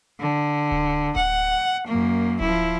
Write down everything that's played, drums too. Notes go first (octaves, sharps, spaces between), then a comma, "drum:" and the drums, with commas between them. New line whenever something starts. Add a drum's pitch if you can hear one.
D3
drum: kick D1
F#5, drum: kick D1
F#2 A#3
F3 E4, drum: kick D1